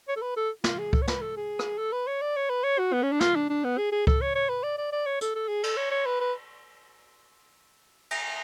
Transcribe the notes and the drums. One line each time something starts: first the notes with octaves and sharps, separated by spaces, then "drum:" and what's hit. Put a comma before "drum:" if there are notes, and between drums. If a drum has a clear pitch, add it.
C#5
A4
B4
A4
F4, drum: snare
G#4
A4, drum: kick C#2
C#5
B4, drum: snare
A4
G#4
drum: rim click
A4
B4
C#5
D5
C#5
B4
C#5
F#4
B3
C#4
D4
F4, drum: snare
D4
D4
B3
G#4
G#4
A4, drum: kick C#2
C#5
C#5
B4
D5
D5
D5
C#5
A4, drum: hi-hat
A4
G#4
A4, drum: cymbal
C#5
C#5
B4
B4
drum: cymbal